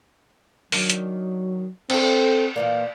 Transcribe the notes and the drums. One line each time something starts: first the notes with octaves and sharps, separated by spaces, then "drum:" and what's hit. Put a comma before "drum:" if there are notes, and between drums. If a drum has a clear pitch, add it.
D#3 F#3 D4, drum: open hi-hat
drum: hi-hat
C4 D4 A4, drum: cymbal
A#2 E3 A#3 D5